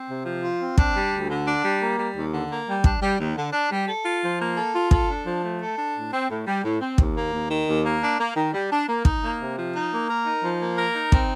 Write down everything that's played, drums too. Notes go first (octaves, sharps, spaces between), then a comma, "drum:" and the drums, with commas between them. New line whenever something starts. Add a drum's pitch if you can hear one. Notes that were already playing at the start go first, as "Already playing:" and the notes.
Already playing: C4
C3
F3
F4
C4
D4, drum: kick
G3
D2
D3
D4
G3
A#3
G3
D#2
D3
A#3
G3
D4, drum: kick
G3
D#2
D3
D4
G3
A4
F4
F3
A#3
A4
F4
A4, drum: kick
D4
F3
A3
A4
D4
A2
C4
A2
G3
A2
C4
D#2, drum: kick
A#3
D#2
D#3
D#2
A#3
D4
A#3
D#3
G3
D4
A#3
D#4, drum: kick
A#3
C3
F3
D#4
A#3
A#4
D#4
F3
A#3
A#4
D#4
C4, drum: kick